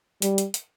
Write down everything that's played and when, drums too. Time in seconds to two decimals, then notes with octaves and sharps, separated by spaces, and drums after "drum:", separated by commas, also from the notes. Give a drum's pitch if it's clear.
0.22 G3, drum: hi-hat
0.38 drum: hi-hat
0.54 drum: hi-hat